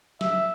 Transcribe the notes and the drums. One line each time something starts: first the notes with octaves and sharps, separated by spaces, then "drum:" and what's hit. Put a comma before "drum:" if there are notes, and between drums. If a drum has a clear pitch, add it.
E5, drum: snare